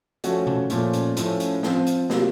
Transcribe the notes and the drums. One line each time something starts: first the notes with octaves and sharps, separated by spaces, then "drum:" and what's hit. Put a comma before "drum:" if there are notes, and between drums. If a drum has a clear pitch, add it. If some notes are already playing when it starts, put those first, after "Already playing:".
F3 A3 C#4 F#4, drum: hi-hat
drum: tom B2
A#2 F3 A3 C#4, drum: hi-hat
drum: hi-hat
A2 F3 A3 C#4, drum: hi-hat
drum: hi-hat
F3 C4 F4, drum: snare
drum: hi-hat
C3 F#3 A#3 F4, drum: snare